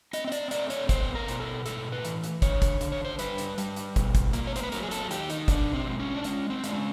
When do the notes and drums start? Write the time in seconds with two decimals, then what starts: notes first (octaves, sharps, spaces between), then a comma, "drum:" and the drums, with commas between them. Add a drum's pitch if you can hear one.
0.13 C4 D#5, drum: hi-hat
0.28 D#5
0.32 D5, drum: hi-hat
0.51 A3 D5, drum: hi-hat
0.70 C#5, drum: hi-hat
0.89 B3 C5, drum: kick, hi-hat
1.15 A#4
1.28 B2, drum: hi-hat
1.40 A4
1.66 A2 A4, drum: hi-hat
1.92 B4
2.05 E3, drum: hi-hat
2.24 drum: hi-hat
2.42 D3 C#5, drum: kick, hi-hat
2.62 drum: kick, hi-hat
2.81 D3, drum: hi-hat
2.92 C#5
3.05 C5
3.19 G3 B4, drum: hi-hat
3.38 drum: hi-hat
3.58 G3, drum: hi-hat
3.76 drum: hi-hat
3.96 B2, drum: kick, hi-hat
4.15 drum: kick, hi-hat
4.33 A#3, drum: hi-hat
4.47 C#5
4.56 C5, drum: hi-hat
4.63 B4
4.72 F#3 A#4, drum: hi-hat
4.83 G#4
4.91 A4, drum: hi-hat
5.11 D#3 G4, drum: hi-hat
5.30 D#4, drum: hi-hat
5.48 B2 D4, drum: kick, hi-hat
5.73 C4
5.87 G#3
6.00 C#4
6.14 D4
6.24 G#3 C#4, drum: hi-hat
6.50 C4
6.64 G#3 D4, drum: hi-hat
6.75 C#4